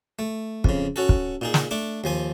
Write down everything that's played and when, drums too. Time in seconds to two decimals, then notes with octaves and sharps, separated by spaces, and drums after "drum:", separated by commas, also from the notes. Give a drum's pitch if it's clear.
0.19 A3
0.64 F2 C#3, drum: kick
0.96 C#4 F#4 A4
1.09 drum: kick
1.41 A#2 D#4 G#4
1.54 drum: snare
1.71 A3 D4 D6
2.04 D#2 F3 G#5